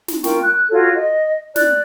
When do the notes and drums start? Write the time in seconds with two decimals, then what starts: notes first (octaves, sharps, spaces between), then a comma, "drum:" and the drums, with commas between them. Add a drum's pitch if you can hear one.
0.08 drum: snare
0.24 F4 A#4 G5 C#6, drum: snare
0.41 F#6
0.70 F4 F#4 A4 C#5
0.96 D#5
1.56 D5 F#6, drum: snare